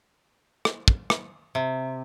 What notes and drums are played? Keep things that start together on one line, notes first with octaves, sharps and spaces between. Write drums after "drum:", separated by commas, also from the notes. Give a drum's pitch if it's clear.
drum: rim click
drum: kick
drum: rim click
C3